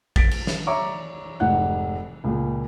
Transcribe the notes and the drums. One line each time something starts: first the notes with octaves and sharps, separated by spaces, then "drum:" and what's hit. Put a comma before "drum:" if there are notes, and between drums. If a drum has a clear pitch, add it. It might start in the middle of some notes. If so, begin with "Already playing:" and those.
A6 B6 D7, drum: kick A1
drum: cymbal
drum: snare
C#5 D5 E5 A#5 C#6 D6
F1 G#2 F#5 F#6
C#2 A#2